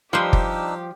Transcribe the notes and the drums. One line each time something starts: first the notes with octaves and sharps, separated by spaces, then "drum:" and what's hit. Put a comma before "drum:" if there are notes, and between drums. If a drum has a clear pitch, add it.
F3 G3 D4 D#4 G4 B4 C5 E6
drum: kick F#1